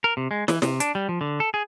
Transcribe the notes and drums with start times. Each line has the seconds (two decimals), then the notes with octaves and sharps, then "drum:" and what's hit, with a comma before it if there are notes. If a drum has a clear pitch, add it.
0.04 A#4
0.17 C3
0.31 G#3
0.48 E3, drum: snare
0.62 C3, drum: snare
0.80 D4, drum: hi-hat
0.95 G3
1.09 F3
1.21 D3
1.40 A4
1.54 G#4